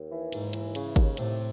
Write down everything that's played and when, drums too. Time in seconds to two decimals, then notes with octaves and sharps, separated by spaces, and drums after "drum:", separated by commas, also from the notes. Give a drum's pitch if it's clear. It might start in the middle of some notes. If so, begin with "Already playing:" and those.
Already playing: D#2
0.11 E3
0.32 D#2 G#2, drum: cymbal
0.53 E3, drum: cymbal
0.75 C#3, drum: cymbal
0.96 D#2, drum: kick G#1, cymbal
1.17 A2 C3, drum: cymbal